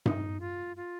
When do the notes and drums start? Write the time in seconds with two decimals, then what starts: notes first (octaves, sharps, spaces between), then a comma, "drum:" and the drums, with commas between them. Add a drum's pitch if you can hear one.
0.06 D#4, drum: tom G2
0.40 F4
0.77 F4